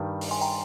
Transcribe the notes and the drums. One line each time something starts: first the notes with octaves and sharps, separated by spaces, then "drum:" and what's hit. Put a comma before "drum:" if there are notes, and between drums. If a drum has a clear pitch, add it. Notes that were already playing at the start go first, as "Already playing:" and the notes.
Already playing: G2 D#3 G3
drum: open hi-hat
G#5 C6
G5 A#5